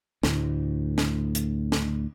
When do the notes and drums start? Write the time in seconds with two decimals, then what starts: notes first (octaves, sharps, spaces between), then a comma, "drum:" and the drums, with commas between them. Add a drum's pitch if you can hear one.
0.23 D2 A2, drum: snare
0.98 drum: snare
1.35 drum: hi-hat
1.72 drum: snare